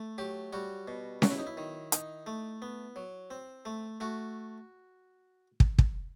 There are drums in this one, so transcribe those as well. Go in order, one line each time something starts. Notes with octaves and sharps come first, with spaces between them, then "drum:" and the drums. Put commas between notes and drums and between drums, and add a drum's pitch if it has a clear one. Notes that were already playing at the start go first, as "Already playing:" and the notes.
Already playing: A3
F#3 G4
G3 F#4
B2
F#3 F#4, drum: snare C#4
E4
D#4
E4
D#3
D#4, drum: hi-hat
A3
B3
F#3
C4
A3
A3 F#4
drum: kick
drum: kick